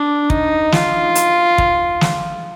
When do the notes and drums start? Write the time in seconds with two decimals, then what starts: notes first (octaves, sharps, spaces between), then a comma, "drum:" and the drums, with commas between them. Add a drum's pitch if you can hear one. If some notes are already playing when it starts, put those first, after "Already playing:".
Already playing: D4
0.30 D#4, drum: kick
0.72 F4, drum: snare
1.15 drum: hi-hat
1.58 drum: kick
2.01 drum: snare